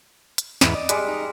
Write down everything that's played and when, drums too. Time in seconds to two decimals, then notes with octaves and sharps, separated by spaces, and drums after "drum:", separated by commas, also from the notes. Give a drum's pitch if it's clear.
0.38 drum: hi-hat
0.61 E2 G#2 E3, drum: snare
0.75 D5 D#5
0.89 G3 G#3, drum: hi-hat
1.08 D#4